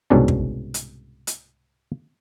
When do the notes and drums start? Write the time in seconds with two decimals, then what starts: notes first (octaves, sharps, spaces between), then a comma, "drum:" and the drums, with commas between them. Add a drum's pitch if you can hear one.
0.10 C2 G#2 B2 C#4 D4 A5
0.28 drum: kick
0.74 drum: hi-hat
1.27 drum: hi-hat